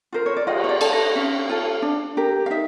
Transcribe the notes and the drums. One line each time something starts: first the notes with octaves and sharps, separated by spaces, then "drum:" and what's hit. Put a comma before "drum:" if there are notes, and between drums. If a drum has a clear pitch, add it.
F4 A#4 C5
C#5
D5
F4 D#5, drum: cymbal
C#5
D5
A4, drum: cymbal
D#5
C#4
F4 A4
D4
G4 A#4
F5
D#4 E5